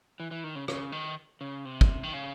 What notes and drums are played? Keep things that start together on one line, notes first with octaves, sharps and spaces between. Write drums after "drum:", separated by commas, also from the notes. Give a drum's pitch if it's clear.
E3
E3
D#3
C#3
C#3, drum: rim click
D#3
C#3
C3
drum: kick
D#3
C#3